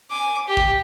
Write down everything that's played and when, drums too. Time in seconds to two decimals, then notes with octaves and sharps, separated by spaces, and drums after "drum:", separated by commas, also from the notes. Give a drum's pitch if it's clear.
0.11 G#5 D6
0.47 G4
0.57 drum: kick